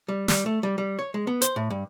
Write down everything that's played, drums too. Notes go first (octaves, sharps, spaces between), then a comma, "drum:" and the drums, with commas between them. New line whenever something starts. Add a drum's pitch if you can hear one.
G3
G3, drum: snare
A3
G3
G3
C#5
G#3
B3
C5, drum: hi-hat
A2
G2